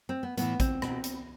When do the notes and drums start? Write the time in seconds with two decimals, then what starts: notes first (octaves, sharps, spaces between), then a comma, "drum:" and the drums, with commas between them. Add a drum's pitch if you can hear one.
0.09 C4
0.23 B3
0.37 A2 E3 B3, drum: hi-hat
0.60 C4, drum: kick A1, hi-hat
0.82 B2, drum: rim click
1.04 drum: hi-hat